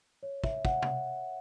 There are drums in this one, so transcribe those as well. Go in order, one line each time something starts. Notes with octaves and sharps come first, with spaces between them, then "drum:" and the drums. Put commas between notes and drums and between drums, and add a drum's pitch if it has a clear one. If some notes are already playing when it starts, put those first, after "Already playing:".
C#5
E5, drum: kick
F#5, drum: kick
drum: tom